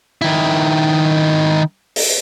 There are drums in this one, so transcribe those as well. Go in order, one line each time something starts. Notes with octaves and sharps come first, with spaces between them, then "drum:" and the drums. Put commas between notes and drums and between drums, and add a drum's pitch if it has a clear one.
D#3 E4
drum: open hi-hat